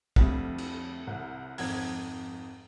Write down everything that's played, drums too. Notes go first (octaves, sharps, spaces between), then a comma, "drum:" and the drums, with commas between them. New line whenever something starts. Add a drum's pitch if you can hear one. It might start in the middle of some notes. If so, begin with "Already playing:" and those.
F2 D3 G3 A3, drum: kick
drum: cymbal
C2
G#1 F2 G#6, drum: open hi-hat